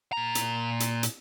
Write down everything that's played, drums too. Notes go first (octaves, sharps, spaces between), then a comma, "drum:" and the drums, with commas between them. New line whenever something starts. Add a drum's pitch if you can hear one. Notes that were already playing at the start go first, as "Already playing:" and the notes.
A#2 A#5
drum: hi-hat
drum: hi-hat
drum: hi-hat